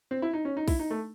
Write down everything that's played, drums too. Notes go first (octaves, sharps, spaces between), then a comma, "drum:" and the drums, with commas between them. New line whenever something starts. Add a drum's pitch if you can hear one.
C4
E4
D#4
C#4
D#4
E4, drum: kick B1, open hi-hat
D#4
A3